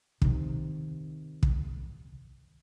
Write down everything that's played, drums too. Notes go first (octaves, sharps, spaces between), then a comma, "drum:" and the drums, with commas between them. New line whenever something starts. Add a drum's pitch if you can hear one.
C3 D#3, drum: kick
drum: kick